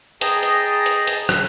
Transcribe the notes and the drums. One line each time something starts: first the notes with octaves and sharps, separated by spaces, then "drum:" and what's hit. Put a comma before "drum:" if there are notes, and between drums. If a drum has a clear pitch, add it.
G#4 D#5 G5 A5 A#5, drum: hi-hat
drum: hi-hat
drum: hi-hat
drum: hi-hat
drum: rim click